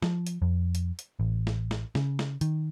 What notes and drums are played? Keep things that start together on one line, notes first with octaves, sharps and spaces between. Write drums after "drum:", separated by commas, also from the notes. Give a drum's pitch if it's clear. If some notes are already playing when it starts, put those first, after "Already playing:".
F3, drum: snare
drum: hi-hat
F2
drum: hi-hat
drum: hi-hat
A1
drum: snare
drum: snare
C#3, drum: snare
drum: snare
D#3, drum: hi-hat